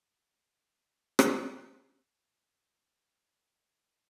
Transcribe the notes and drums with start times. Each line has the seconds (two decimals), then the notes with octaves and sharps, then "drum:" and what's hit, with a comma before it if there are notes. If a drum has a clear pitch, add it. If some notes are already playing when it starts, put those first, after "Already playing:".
0.09 A5
0.21 G5
0.33 F#5
0.45 E5
0.61 C#5
0.77 C#5
1.19 drum: rim click
1.90 D5
2.03 B5
2.14 B5
2.26 A5
2.39 G5
2.79 D5
2.88 E5
3.27 C#5
3.37 D5
3.48 B4
3.61 C#5
3.73 E5
3.84 F#5